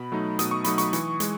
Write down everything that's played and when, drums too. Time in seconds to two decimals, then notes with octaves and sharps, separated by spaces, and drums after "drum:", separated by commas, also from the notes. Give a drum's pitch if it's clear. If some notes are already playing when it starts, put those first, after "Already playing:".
Already playing: B2 B5
0.12 F#3 A3 D#4
0.39 B2 D#6, drum: hi-hat
0.51 C#6
0.64 F#3 A3 D#4 B5, drum: hi-hat
0.78 C#6, drum: hi-hat
0.93 E3, drum: hi-hat
1.20 G#3, drum: hi-hat